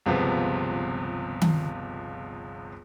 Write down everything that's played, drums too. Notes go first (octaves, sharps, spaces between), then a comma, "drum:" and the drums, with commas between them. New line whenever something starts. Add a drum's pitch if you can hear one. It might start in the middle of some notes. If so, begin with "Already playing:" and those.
G1 C#2 C3 F3 B3
drum: tom D#3